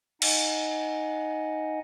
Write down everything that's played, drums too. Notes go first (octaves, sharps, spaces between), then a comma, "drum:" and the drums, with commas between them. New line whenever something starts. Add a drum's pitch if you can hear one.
D#4 D#5 F#5 G#5, drum: cymbal